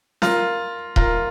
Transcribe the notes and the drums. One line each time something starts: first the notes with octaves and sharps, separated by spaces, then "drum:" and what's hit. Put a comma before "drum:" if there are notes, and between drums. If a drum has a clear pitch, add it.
F4 A#4, drum: snare
F4 A#4, drum: kick D#1